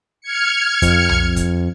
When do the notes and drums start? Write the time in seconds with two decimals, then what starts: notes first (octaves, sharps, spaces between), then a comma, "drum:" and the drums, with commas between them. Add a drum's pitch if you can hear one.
0.21 F6 G#6 C#7
0.82 F2, drum: kick, hi-hat
1.09 drum: tom B1
1.36 drum: kick, hi-hat